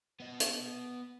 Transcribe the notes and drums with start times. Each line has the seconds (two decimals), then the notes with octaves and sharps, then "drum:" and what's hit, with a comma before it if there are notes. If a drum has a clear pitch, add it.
0.20 B3 D#5
0.40 drum: hi-hat